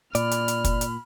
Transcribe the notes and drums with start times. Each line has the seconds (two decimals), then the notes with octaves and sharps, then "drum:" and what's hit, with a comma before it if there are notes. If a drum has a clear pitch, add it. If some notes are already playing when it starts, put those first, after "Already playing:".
0.15 A#2 D5 B5 F6, drum: hi-hat
0.31 drum: hi-hat
0.48 drum: hi-hat
0.64 drum: kick, hi-hat
0.81 drum: hi-hat